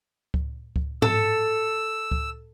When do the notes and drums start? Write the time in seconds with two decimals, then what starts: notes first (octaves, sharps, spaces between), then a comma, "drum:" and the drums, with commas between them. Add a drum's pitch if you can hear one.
0.34 drum: kick C#2
0.76 drum: kick C#2
1.02 A4 E6, drum: tom G#2
2.11 drum: kick C#2